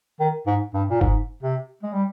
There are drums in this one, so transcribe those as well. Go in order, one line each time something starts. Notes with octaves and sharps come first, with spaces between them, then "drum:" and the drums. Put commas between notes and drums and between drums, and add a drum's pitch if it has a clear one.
D#3
G#2
G2
A#2
G#2, drum: kick F#1
C3
G#3
G3